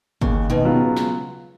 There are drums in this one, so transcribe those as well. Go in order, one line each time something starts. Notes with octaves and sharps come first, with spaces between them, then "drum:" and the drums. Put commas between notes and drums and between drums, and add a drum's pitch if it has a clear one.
D#2 C#3, drum: kick G1
B2 D#3
C#3 F#3 B3 F4
drum: snare